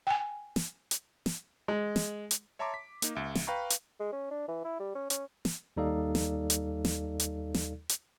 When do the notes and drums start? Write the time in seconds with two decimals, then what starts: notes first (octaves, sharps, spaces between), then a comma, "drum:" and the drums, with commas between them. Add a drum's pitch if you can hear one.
0.07 G5 G#5
0.56 drum: snare
0.91 drum: hi-hat
1.26 drum: snare
1.68 G#3
1.96 drum: snare
2.31 drum: hi-hat
2.59 C#5 E5 A5 A#5 C6 D6
2.74 B6
3.02 A#3 D#4, drum: hi-hat
3.15 C#2 E5
3.35 drum: snare
3.47 B4 F5 G5 A#5 B5 C#6
3.70 drum: hi-hat
4.00 G#3
4.12 C#4
4.31 D4
4.48 E3
4.64 E4
4.80 G3
4.95 C#4
5.10 C#4, drum: hi-hat
5.45 drum: snare
5.77 D#2 G3 D#4 A4 D5 F5
6.15 drum: snare
6.50 drum: hi-hat
6.85 drum: snare
7.20 drum: hi-hat
7.54 drum: snare
7.89 drum: hi-hat